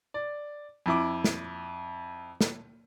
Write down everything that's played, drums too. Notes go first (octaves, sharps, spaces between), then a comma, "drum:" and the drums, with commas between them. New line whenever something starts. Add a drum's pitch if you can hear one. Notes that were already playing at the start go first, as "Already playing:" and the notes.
D5
F2 E4 D6
drum: snare
drum: snare